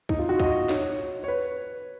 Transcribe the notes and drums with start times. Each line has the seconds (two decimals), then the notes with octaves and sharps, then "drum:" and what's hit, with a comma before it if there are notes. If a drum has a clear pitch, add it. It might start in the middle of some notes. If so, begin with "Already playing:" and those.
0.09 D#4, drum: kick
0.19 F4
0.29 F#4
0.40 D#5, drum: kick
0.69 C#5, drum: snare
1.24 C#5
1.28 B4